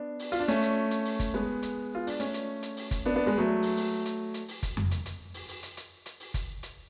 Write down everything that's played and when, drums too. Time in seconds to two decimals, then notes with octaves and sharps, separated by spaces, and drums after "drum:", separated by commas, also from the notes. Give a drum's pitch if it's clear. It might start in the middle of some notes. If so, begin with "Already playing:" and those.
Already playing: B3 D4
0.19 drum: open hi-hat
0.32 F4, drum: open hi-hat
0.39 D4
0.48 A3 C#4, drum: hi-hat
0.62 drum: hi-hat
0.91 drum: hi-hat
1.05 drum: open hi-hat
1.20 drum: kick, hi-hat
1.34 G#3 B3
1.62 drum: hi-hat
1.95 F4
2.07 D4, drum: open hi-hat
2.20 A3 C#4, drum: hi-hat
2.34 drum: hi-hat
2.62 drum: hi-hat
2.77 drum: open hi-hat
2.91 drum: kick, hi-hat
3.05 B3 D4
3.16 B3 D4
3.26 G#3 B3
3.38 F#3 A3
3.63 drum: open hi-hat
3.77 drum: open hi-hat
4.05 drum: hi-hat
4.34 drum: hi-hat
4.48 drum: open hi-hat
4.63 drum: kick, hi-hat
4.77 drum: tom F2
4.91 drum: hi-hat
5.06 drum: hi-hat
5.34 drum: open hi-hat
5.48 drum: open hi-hat
5.63 drum: hi-hat
5.77 drum: hi-hat
6.06 drum: hi-hat
6.20 drum: open hi-hat
6.34 drum: kick, hi-hat
6.63 drum: hi-hat